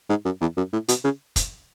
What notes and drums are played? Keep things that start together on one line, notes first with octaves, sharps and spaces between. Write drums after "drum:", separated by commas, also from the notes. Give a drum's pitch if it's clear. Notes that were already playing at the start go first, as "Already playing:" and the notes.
G#2
F#2
E2
F#2
A2
B2, drum: hi-hat
C#3
drum: kick, hi-hat